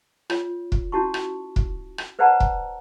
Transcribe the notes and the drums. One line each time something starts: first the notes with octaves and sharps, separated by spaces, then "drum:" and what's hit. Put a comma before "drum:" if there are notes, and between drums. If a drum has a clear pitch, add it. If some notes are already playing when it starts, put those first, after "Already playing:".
F4 C#5, drum: rim click
drum: kick
C#4 E4 F#4 A5 C#6
drum: rim click
drum: kick
drum: rim click
B4 C5 D5 F#5 A5 A#5
drum: kick